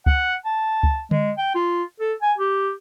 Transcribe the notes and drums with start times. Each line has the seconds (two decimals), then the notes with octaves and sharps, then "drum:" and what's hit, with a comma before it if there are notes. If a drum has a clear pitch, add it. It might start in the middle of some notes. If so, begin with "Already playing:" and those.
0.06 F#5, drum: kick C#2
0.45 A5
0.83 drum: kick C#2
1.11 G#3, drum: tom D3
1.38 G5
1.55 F4
2.00 A4
2.22 G#5
2.38 G4